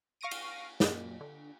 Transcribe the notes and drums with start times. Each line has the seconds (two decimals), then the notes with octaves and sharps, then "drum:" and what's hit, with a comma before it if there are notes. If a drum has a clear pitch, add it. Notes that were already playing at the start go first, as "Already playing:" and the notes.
0.21 F5 C#6 A#6 D7 D#7
0.31 drum: cymbal
0.80 F#2 A#2, drum: snare
1.21 D3